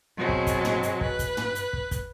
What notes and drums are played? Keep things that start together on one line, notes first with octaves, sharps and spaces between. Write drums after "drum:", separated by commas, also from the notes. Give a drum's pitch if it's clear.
B2 F#3 G#3 C4
drum: kick
drum: kick, hi-hat
drum: tom
drum: hi-hat
B4, drum: kick
drum: kick, hi-hat
drum: tom
drum: hi-hat
drum: kick
drum: kick, hi-hat